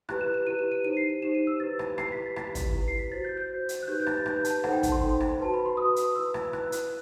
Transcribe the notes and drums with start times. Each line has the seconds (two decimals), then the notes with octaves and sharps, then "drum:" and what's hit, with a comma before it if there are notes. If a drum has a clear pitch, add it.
0.09 E4 G4 B4 F#6, drum: rim click
0.21 E7
0.34 E7
0.47 E4 G4 B4 D#7
0.59 E7
0.72 D#7
0.84 D#4 G4 C5 D#7
0.97 C7
1.10 D#7
1.22 D#4 G4 C5 E7
1.35 D#7
1.47 E6
1.60 E4 G4 B4 A6
1.79 drum: rim click
1.98 E4 G4 B4 C7, drum: rim click
2.12 B6
2.26 A6
2.36 E4 G4 B4 B6, drum: rim click
2.55 drum: kick, hi-hat
2.74 E4 G4 B4
2.88 C7
2.99 B6
3.12 F#4 C5 A6
3.24 G6
3.37 G6
3.50 F#4 C5
3.69 drum: hi-hat
3.82 F#6
3.87 D#4 G4 B4 G6
4.00 G6
4.07 A6, drum: rim click
4.26 D#4 G4 B4 G6, drum: rim click
4.44 A5, drum: hi-hat
4.64 D#4 A4 C5 F#5, drum: rim click
4.73 G5
4.83 A5, drum: kick, hi-hat
4.92 C6
5.02 D#4 A4 C5
5.20 drum: rim click
5.39 F#4 B4 A5
5.54 B5
5.66 C6
5.77 F#4 B4 D#6
5.96 drum: hi-hat
6.15 E4 B4 E6
6.34 drum: rim click
6.53 E4 B4 F#6, drum: rim click
6.72 drum: hi-hat